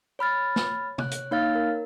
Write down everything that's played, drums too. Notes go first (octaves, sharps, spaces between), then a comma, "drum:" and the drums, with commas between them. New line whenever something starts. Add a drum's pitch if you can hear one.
C#5 B5 F6 A6
drum: snare
C#5 F#6, drum: tom
drum: hi-hat
A#3 D#4 C#5 F5 F6 A6
A#4